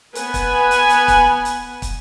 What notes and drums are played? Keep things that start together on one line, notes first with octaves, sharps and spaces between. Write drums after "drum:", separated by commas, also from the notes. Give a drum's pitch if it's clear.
B3 B4 G#5, drum: hi-hat
drum: kick, hi-hat
drum: hi-hat
drum: hi-hat
drum: kick, hi-hat
drum: hi-hat
drum: kick, hi-hat